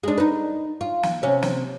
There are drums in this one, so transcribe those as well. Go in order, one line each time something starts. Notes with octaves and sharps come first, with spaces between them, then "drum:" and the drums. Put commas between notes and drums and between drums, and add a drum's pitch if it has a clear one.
G#3 D4
D#4 B4
F4
drum: snare
C3 C#4
drum: snare